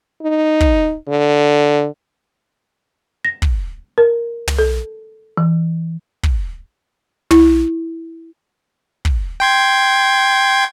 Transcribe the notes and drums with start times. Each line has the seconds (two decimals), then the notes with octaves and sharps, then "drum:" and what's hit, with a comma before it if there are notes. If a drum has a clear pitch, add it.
0.22 D#4
0.60 drum: kick
1.08 D3
3.25 A#6
3.42 drum: kick
3.98 A#4
4.47 drum: tom
4.59 A4
5.37 E3
6.23 drum: kick
7.31 E4, drum: tom
9.05 drum: kick
9.40 G5 C6 G#6